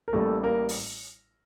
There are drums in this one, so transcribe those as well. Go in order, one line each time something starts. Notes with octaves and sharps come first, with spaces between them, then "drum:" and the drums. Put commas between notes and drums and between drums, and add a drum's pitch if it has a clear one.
A#4
A1 A2 G3 A3 A#3 A4
A#3 A#4
drum: open hi-hat